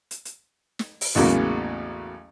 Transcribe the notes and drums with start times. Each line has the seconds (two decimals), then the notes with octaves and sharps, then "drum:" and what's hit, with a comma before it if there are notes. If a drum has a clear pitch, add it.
0.11 drum: hi-hat
0.25 drum: hi-hat
0.79 drum: snare
1.01 drum: open hi-hat
1.15 A1 E2 C#3 F#3 A#3